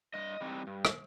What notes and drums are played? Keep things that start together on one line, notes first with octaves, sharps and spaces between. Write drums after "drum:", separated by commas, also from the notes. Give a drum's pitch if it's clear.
G2 D#5
E3 G3 C4 D#4
G2
drum: rim click